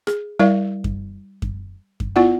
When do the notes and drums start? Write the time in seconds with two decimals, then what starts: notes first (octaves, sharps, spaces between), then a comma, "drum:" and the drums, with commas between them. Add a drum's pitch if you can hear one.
0.07 G#4, drum: rim click
0.39 G3 E4 A#4 D5 F5
0.84 drum: kick F#2
1.42 drum: kick F#2
2.00 drum: kick F#2
2.16 B3 E4 F4 D5 F#5